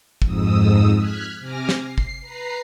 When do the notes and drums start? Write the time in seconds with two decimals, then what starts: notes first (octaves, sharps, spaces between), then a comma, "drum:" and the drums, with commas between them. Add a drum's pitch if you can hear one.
0.22 F2 G#2 D#6 E6, drum: kick
0.97 F6 F#6 G#6 B6
1.40 C3 G#5 D6 F6 A#6
1.69 drum: snare
1.83 C7
1.98 drum: kick
2.21 B4 A#5 C7